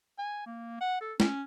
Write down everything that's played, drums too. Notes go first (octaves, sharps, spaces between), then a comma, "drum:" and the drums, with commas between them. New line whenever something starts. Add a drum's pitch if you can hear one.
G#5
A#3
F#5
A4
C#4, drum: snare